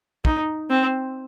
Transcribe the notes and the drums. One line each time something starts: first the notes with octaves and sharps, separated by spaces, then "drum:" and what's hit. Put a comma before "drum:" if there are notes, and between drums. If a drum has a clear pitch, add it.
D#4, drum: kick
C4